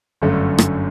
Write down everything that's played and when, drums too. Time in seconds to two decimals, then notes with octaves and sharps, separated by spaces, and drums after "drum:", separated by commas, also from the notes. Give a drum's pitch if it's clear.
0.22 G1 F#2 D3 A3 C#4
0.58 drum: rim click